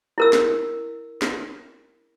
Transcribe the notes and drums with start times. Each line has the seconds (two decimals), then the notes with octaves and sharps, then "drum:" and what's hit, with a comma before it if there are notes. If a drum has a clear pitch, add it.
0.18 E4 A#4 E6
0.33 drum: snare
1.22 drum: snare